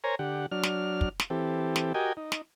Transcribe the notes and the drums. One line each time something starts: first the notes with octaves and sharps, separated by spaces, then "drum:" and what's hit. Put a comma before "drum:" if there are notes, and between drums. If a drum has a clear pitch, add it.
A#4 C5 C#5 G#5 A#5
D3 G4 F#5
F#3 D4 F6
drum: snare
drum: kick
drum: snare
E3 C4 G4 A4
drum: snare
F#4 G4 A#4 D#5 G5 G#5
D#4
drum: snare